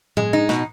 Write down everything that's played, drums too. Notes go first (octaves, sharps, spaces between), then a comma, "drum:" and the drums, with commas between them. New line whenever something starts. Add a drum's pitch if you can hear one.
G#3, drum: tom A2
D#4
B2, drum: snare